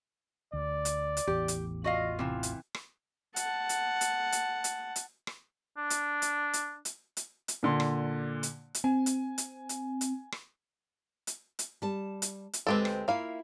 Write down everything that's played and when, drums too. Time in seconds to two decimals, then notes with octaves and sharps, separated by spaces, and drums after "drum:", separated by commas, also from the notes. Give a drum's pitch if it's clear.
0.53 D2 D5
0.85 drum: hi-hat
1.17 drum: hi-hat
1.27 A1 E2 G4
1.48 drum: hi-hat
1.84 F4 F#4 D#5 F5
2.19 C3 E3
2.43 drum: hi-hat
2.75 drum: rim click
3.36 F#5 A5, drum: hi-hat
3.69 drum: hi-hat
4.01 drum: hi-hat
4.32 drum: hi-hat
4.64 drum: hi-hat
4.96 drum: hi-hat
5.27 drum: rim click
5.77 D4
5.90 drum: hi-hat
6.22 drum: hi-hat
6.53 drum: hi-hat
6.85 drum: hi-hat
7.17 drum: hi-hat
7.48 drum: hi-hat
7.63 A#2 D3 C6
7.80 drum: rim click
8.43 drum: hi-hat
8.75 drum: hi-hat
8.84 C4 G#5
9.06 drum: hi-hat
9.38 drum: hi-hat
9.69 drum: hi-hat
10.01 drum: hi-hat
10.32 drum: rim click
11.27 drum: hi-hat
11.59 drum: hi-hat
11.82 G3 A5
12.22 drum: hi-hat
12.53 drum: hi-hat
12.67 D2 G#3 C4 G4 A4 B4
12.85 drum: rim click
13.08 A#3 E4 F4 E5 F5